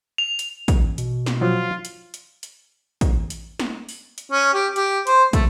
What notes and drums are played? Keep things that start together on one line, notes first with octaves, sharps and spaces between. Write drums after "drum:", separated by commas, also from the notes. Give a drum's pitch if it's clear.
F7
drum: hi-hat
drum: kick, hi-hat
B2, drum: hi-hat
drum: snare
F3 F#3 F4
drum: hi-hat
drum: hi-hat
drum: hi-hat
drum: kick, hi-hat
drum: hi-hat
drum: snare
drum: open hi-hat
drum: hi-hat
C#4
G4
G4, drum: hi-hat
C5, drum: hi-hat
A3, drum: kick, hi-hat